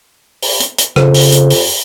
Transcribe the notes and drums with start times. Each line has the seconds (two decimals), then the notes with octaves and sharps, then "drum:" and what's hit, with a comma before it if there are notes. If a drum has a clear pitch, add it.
0.42 drum: open hi-hat
0.60 drum: hi-hat
0.78 drum: hi-hat
0.96 F2 C#3, drum: rim click
1.14 drum: open hi-hat
1.32 drum: hi-hat
1.50 drum: open hi-hat